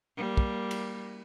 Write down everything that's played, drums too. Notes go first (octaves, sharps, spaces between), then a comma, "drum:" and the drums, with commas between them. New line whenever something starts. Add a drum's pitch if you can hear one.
G3 A#3
drum: kick
drum: cymbal